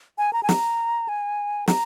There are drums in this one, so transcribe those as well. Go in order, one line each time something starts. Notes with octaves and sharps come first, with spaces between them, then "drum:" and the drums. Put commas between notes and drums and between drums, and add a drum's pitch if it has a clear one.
G#5
A#5
G#5
A#5, drum: snare
G#5
A#5, drum: snare